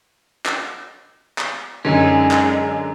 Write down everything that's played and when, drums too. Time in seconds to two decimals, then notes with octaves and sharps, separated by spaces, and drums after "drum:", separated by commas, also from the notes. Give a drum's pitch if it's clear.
0.46 drum: clap
1.38 drum: clap
1.85 F#2 D3 G#3 C#4 D#4
2.31 drum: clap